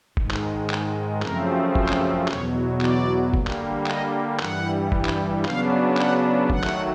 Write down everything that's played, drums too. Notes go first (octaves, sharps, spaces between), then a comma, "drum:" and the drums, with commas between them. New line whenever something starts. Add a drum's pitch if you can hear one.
G#2 D#3 G#3, drum: kick F#1
drum: clap
drum: clap
F#2 C#3 F3 A3 C4 A#4, drum: clap
C5, drum: kick F#1
drum: clap
E2 B2 F#3 C#5, drum: clap
D5, drum: clap
D3 G3 A#3, drum: kick F#1
drum: clap
D#5, drum: clap
G2 E3 G3 F#5, drum: clap
drum: kick F#1
drum: clap
C#3 F#3 B3 D4 F5, drum: clap
F#5, drum: clap
D#3 F#3 A3 F#5, drum: kick F#1
drum: clap